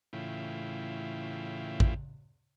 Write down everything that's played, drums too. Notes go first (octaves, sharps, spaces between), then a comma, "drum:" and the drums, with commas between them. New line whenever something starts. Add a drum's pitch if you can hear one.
A2 C#3 E3 E4 F4 G5
drum: kick A1